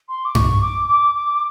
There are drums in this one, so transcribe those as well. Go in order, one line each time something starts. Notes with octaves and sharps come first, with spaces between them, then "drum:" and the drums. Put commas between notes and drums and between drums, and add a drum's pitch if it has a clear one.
C6
D6
C#6, drum: tom G2
D6
D6
D6
D6